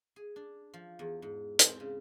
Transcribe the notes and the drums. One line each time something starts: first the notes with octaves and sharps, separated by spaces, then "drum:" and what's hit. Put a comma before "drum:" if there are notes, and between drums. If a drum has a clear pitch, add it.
G#4
D4
F3
E2
G#2
C4, drum: hi-hat
C#3